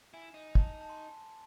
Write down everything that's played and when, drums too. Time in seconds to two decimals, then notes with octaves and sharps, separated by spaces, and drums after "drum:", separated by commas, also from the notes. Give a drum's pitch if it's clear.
0.14 E4 G#5
0.34 D#4
0.55 A5, drum: kick
0.81 A5
0.90 C6
0.97 C#6